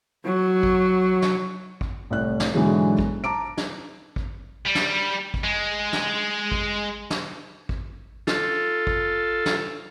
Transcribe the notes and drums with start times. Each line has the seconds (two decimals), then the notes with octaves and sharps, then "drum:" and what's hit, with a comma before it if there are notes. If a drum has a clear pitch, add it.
0.25 F#3
0.63 drum: kick
1.22 drum: snare
1.81 drum: kick
2.10 C2 A2 F#6
2.40 drum: snare
2.55 G#2 B2 D3 E3 F#3 G#3
2.99 drum: kick
3.24 A5 A#5 D6 D7
3.57 drum: snare
4.16 drum: kick
4.66 G3
4.75 drum: snare
5.34 drum: kick
5.44 G#3
5.93 drum: snare
6.52 drum: kick
7.10 drum: snare
7.69 drum: kick
8.27 F4 A4, drum: snare
8.87 drum: kick
9.46 drum: snare